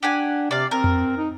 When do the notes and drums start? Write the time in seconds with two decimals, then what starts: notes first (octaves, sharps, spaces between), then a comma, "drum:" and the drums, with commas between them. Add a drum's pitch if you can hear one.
0.03 D4 G4 F#5 G#5
0.51 C3 D5 F5
0.71 C4 A#4
0.84 drum: tom F2
1.17 D#4